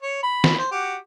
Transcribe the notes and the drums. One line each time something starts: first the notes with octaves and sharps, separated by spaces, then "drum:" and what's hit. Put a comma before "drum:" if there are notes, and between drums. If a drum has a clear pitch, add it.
C#5
B5
drum: snare
C5
F#4 G4